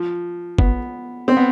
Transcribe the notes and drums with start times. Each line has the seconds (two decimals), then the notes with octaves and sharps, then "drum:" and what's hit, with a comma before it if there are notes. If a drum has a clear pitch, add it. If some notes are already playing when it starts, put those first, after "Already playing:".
Already playing: F3
0.58 B3, drum: kick
1.28 C4
1.37 B3